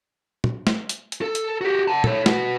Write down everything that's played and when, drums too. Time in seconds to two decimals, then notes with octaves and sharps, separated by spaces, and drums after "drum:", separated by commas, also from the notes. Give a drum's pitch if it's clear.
0.44 drum: tom
0.67 drum: snare
0.89 drum: hi-hat
1.12 drum: hi-hat
1.22 A4
1.35 drum: hi-hat
1.61 F#4 G4
1.88 F#5 A5
2.04 A4 C#5, drum: tom
2.26 B3 F#4, drum: snare